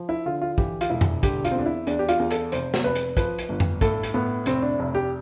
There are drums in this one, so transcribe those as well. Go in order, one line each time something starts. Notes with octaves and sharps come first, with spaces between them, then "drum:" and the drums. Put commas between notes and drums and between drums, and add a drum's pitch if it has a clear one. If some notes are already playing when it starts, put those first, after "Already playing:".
Already playing: F3
E4
D3 F4
F4
E3 G4, drum: kick
F4, drum: hi-hat
E1 E4
drum: tom F2
D3 G4, drum: kick, hi-hat
F4, drum: hi-hat
C4
E2 D4
E4
E2 D4, drum: hi-hat
G4
F4, drum: hi-hat
E2
A4, drum: hi-hat
F1 C5, drum: hi-hat
drum: snare
F1 B4
drum: hi-hat
F3 B4, drum: kick, hi-hat
drum: hi-hat
G1
drum: tom F2
A2 A4, drum: kick, hi-hat
drum: hi-hat
A2 B3
F1 C4, drum: hi-hat
D4
F1
G4